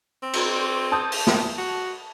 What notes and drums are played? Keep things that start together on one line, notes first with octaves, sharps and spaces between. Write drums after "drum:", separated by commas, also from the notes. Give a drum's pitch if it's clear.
C4
drum: cymbal
A5 D#6 G6
drum: open hi-hat
drum: snare
F#4